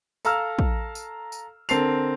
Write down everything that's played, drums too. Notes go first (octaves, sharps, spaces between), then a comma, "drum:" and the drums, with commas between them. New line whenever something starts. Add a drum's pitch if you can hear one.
A4 F5 A#5 E6 F6, drum: tambourine
drum: kick
drum: tambourine
drum: tambourine
D3 C4 A#4 A5 C7 F7, drum: tambourine